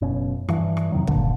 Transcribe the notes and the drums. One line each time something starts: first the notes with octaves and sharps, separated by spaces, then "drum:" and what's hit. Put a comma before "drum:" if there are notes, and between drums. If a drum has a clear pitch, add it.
F#1 B2 C#4
G2 E3, drum: rim click
drum: rim click
F2 C3 D#3 F#3
G2 A#2 D3, drum: kick